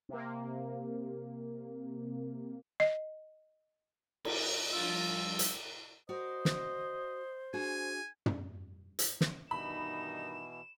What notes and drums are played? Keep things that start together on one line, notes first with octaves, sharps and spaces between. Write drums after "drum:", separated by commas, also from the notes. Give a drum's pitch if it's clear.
C3 A#3
D#5
drum: cymbal
F3 G3 D4 F4 E6
drum: hi-hat
F#4 A#4 C5 D5 D#5
drum: snare
D4 F#4 G#4 G#5
drum: tom
drum: hi-hat
drum: snare
G2 B2 D#3 E3 D#4 B5 E7